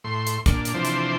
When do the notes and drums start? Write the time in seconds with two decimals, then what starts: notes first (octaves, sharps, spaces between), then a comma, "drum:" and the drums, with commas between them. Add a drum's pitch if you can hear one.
0.04 A2 C6
0.27 drum: hi-hat
0.46 A#2 D4, drum: kick, hi-hat
0.65 drum: hi-hat
0.74 C3 E3 F3 D4 C5
0.85 drum: hi-hat